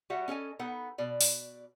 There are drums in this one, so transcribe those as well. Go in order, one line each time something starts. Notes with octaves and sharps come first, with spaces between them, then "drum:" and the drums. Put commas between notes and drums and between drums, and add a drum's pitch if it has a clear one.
G3 F#4 E5 F#5
C#4 A4 D#5 G#5
B3 D#4 A4 F#5
B2 D5
drum: open hi-hat